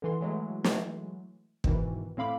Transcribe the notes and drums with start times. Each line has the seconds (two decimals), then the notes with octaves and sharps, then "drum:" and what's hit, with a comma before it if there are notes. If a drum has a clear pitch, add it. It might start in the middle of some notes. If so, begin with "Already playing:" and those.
0.02 D3 E3 C6
0.21 E3 F#3 G#3 A3
0.64 drum: snare
1.64 G#2 B2 D#3 E3, drum: kick
2.17 A2 C4 F5 B5 D6